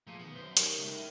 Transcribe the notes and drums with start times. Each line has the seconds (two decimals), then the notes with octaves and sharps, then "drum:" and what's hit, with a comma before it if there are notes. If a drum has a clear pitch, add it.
0.07 A#2 F3 A3 G#4
0.20 B1 D#3 B3
0.35 F#2 C5
0.57 D#4 G4 A#4, drum: hi-hat
0.78 C#3 G#3 A3 G#4 E5
0.95 C#4 E4